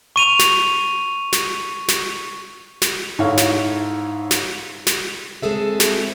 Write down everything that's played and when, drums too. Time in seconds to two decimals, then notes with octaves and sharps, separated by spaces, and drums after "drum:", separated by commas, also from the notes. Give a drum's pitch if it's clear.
0.16 C#6 D#7 F7
0.39 drum: snare
1.33 drum: snare
1.88 drum: snare
2.82 drum: snare
3.19 G#2 E4 A4 C#5 F5
3.37 drum: snare
4.31 drum: snare
4.87 drum: snare
5.42 G#3 C4 G#4 A4 E5
5.80 drum: snare